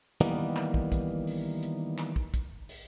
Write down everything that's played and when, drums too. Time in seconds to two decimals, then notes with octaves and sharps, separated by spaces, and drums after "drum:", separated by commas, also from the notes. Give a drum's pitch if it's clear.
0.21 D#3 E3 G3 A#3 B3 D#4, drum: hi-hat
0.56 drum: clap
0.74 drum: kick
0.92 drum: kick, hi-hat
1.27 drum: open hi-hat
1.63 drum: hi-hat
1.98 drum: clap
2.16 drum: kick
2.34 drum: kick, hi-hat
2.69 drum: open hi-hat